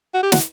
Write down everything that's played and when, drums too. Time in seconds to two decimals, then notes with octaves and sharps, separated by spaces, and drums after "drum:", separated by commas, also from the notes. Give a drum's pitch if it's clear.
0.14 F#4
0.23 G4
0.32 F#4, drum: snare